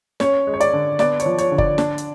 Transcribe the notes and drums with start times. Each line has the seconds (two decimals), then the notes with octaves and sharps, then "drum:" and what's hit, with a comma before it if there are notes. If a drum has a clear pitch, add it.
0.20 C#4 C#5, drum: snare
0.47 G#3
0.54 C#5
0.60 D5, drum: hi-hat
0.73 D3
0.99 B3 D5, drum: snare
1.20 C#5, drum: hi-hat
1.26 F3
1.38 C#5, drum: hi-hat
1.52 D3
1.58 D5, drum: kick F#1
1.78 D4, drum: snare
1.98 drum: hi-hat